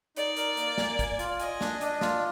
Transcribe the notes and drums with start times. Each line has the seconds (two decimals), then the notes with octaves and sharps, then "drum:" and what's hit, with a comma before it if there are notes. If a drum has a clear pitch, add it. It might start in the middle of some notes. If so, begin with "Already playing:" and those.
0.16 D#4 D5, drum: hi-hat
0.37 A#4, drum: hi-hat
0.57 A#3, drum: hi-hat
0.78 G#5, drum: snare
0.99 G#5, drum: kick, hi-hat
1.19 F4, drum: hi-hat
1.40 D#5 G#5, drum: hi-hat
1.61 D4, drum: snare
1.81 D4, drum: hi-hat
2.01 F4, drum: snare